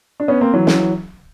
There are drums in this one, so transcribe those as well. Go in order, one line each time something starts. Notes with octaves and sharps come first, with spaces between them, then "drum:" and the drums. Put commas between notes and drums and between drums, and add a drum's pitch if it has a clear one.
D4
B3 C#4
A#3 C4
E3 F#3
drum: snare